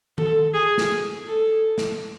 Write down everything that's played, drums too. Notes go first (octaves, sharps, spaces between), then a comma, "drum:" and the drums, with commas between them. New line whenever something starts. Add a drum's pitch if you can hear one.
A4, drum: tom D#3
G#4
drum: snare
A4
drum: snare